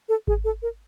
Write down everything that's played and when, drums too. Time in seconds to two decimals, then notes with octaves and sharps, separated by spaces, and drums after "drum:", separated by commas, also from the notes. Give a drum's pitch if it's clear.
0.09 A4
0.27 G#4, drum: kick G#1
0.45 A4
0.62 A#4